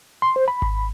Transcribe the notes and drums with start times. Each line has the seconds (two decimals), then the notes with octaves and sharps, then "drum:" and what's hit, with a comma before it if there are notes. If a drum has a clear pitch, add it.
0.22 C6
0.36 C5
0.48 B5
0.62 drum: kick G#1